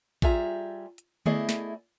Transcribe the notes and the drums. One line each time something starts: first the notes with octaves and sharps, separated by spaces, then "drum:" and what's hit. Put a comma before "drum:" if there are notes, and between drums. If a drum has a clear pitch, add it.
G3 F4 G#4 E5 A#5, drum: kick
drum: hi-hat
A3 B3 E4 G#4 D5 D#5, drum: tom D3
drum: snare